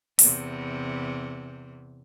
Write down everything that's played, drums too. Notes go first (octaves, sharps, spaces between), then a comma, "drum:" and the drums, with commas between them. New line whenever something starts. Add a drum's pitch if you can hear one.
E2 C3, drum: open hi-hat